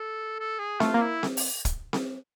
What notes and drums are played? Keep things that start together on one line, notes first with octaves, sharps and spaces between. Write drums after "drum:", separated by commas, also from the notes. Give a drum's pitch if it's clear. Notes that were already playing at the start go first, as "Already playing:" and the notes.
Already playing: A4
A4
G#4
A3 F4, drum: snare C4
A#3
E4
drum: snare C4
drum: open hi-hat
drum: kick, hi-hat
drum: snare C4